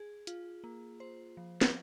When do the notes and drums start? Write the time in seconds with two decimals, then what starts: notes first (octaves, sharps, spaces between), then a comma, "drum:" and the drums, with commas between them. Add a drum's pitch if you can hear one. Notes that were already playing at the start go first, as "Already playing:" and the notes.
Already playing: G#4
0.27 F4, drum: hi-hat
0.64 A#3
1.00 C5
1.37 F3
1.61 drum: snare